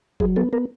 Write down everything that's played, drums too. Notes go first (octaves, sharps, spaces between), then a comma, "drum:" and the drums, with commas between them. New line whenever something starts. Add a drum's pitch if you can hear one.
F#3 G#4, drum: kick F#1
B3 A4
B3 A#4